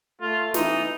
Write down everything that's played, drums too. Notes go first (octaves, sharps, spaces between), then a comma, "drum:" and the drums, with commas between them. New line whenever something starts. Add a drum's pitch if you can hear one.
A3 F4
E3 D#4, drum: snare